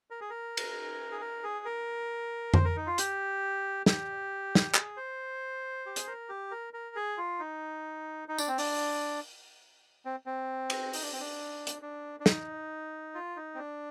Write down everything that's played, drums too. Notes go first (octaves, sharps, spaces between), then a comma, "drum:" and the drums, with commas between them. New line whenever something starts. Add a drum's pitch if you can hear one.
A#4
G#4
A#4
drum: cymbal
G#4
A#4
G#4
A#4
C5, drum: tom F2
A#4
D#4
F4
G4, drum: hi-hat
G4, drum: snare
drum: snare
G#4, drum: clap
C5
G4
G#4, drum: hi-hat
A#4
G4
A#4
A#4
G#4
F4
D#4
D#4
D4, drum: tambourine
C4
D4, drum: open hi-hat
C4
C4
drum: cymbal
D#4, drum: open hi-hat
D4
C4
D4
drum: hi-hat
D4
D4
D#4, drum: snare
F4
D#4
C4
D4